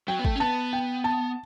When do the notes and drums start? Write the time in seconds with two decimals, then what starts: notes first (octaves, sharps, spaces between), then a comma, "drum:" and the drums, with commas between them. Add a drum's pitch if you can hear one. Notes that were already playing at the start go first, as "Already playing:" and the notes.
0.08 F#3 G5
0.19 B3
0.25 A3, drum: kick
0.36 C#4
0.40 B3 A5
0.73 G5
1.04 A5